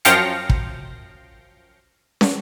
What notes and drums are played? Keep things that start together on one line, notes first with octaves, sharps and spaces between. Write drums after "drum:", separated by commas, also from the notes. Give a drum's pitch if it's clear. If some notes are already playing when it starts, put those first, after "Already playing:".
F#2 F3 F5 G5 A#6 C#7, drum: hi-hat
drum: kick
drum: snare